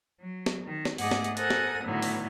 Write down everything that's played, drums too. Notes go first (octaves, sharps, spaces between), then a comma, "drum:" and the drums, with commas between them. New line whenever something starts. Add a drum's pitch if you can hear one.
F#3
drum: snare
D#3
drum: snare
G#2 A3 G#4 D#5 F#5 D6, drum: open hi-hat
drum: snare
drum: hi-hat
A4 A#4 C5 F#5 G#5 D#6, drum: hi-hat
drum: snare
A2 D3 D#3 F#3 B3
drum: open hi-hat